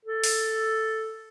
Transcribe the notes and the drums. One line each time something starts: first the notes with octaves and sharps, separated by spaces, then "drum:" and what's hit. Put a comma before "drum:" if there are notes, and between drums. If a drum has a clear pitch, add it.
A4
drum: open hi-hat